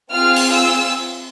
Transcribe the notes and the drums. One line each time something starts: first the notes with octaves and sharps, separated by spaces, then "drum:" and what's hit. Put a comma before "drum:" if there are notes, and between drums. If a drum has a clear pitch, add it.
C4 F4 G#4 F6
drum: open hi-hat
E6